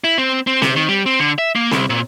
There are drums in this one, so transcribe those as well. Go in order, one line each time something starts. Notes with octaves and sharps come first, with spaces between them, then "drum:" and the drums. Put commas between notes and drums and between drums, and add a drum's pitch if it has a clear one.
E4
C4
C4
C3, drum: snare C4
D#3
G3
C4
D3
E5
A#3
C2, drum: snare C4
A#2